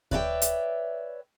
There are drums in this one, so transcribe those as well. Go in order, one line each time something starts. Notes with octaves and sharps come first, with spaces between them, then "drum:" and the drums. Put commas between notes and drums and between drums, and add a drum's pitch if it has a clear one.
B4 C#5 D5 E5 F5 G5, drum: kick D2
drum: hi-hat